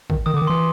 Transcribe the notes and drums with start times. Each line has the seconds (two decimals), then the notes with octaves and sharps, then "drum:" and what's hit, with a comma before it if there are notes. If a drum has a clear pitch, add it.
0.10 D#3, drum: kick
0.26 D#3 D#6
0.34 D3
0.37 D6
0.42 D#3
0.47 E3 C6